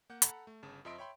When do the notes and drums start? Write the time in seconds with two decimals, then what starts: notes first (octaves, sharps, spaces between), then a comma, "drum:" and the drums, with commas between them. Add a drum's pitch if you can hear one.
0.10 A#3 F#5 G6
0.22 A4 F#5 A#5 B5, drum: hi-hat
0.47 A3
0.63 G1 C#3 A5
0.85 F2 F3 D#5 E5 C6 D7
0.98 C#5 E5 G5 B5 C6